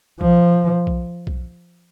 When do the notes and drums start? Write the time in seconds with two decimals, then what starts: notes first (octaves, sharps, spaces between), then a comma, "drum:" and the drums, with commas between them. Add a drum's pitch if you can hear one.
0.21 F3, drum: kick B1
0.87 drum: kick B1
1.27 drum: kick B1